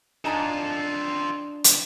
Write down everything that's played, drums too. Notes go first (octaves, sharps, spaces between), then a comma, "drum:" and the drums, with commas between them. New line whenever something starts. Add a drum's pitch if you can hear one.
D4 D#4 F4 A4 G#5 A#5
drum: hi-hat